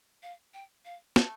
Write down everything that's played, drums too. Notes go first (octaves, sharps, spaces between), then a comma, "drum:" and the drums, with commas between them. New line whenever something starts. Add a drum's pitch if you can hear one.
F5
G5
F5
A3 A5, drum: snare